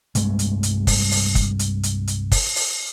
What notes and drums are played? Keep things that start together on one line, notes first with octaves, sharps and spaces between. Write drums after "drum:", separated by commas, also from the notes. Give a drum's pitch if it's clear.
C2 G2 G#3 A3, drum: hi-hat
drum: hi-hat
drum: hi-hat
drum: kick, open hi-hat
drum: open hi-hat
drum: kick, hi-hat
drum: hi-hat
drum: hi-hat
drum: hi-hat
drum: kick, open hi-hat
drum: open hi-hat